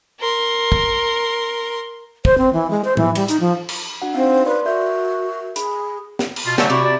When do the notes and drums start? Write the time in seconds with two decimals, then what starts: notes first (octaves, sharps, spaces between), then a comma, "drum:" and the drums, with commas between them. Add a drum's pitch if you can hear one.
0.20 A#4 C6
0.72 drum: kick
2.25 C5, drum: kick
2.38 C4
2.53 E3
2.70 G#3
2.85 C5
2.97 E3, drum: tom
3.15 G3, drum: cymbal
3.28 D#4, drum: hi-hat
3.40 F3
3.69 drum: cymbal
4.02 D4 F#4 F#5
4.14 C4 D#4 F5
4.46 B4 D5 C6
4.66 F#4 A#4 E5 G6
5.56 G#4 B5, drum: hi-hat
6.19 drum: snare
6.36 drum: cymbal
6.46 B2 F4
6.58 D3 F#3 A3 C4 C#4 A4, drum: snare
6.70 C3 E4 F#4 D5
6.84 D5